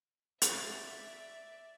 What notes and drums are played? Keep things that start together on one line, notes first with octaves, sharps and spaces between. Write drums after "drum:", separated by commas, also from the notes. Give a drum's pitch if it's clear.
D5 E5, drum: hi-hat